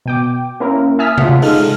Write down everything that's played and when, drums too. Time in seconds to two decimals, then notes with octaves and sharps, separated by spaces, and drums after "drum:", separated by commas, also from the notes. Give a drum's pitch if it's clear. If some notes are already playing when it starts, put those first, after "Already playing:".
0.06 B2 G5 D6
0.60 A#3 C#4 E4 A#4
0.99 E5 G#5 A5 D#6 F6 B6
1.18 F4 F#5, drum: tom C3
1.42 G#3 D#4 A4 F6, drum: open hi-hat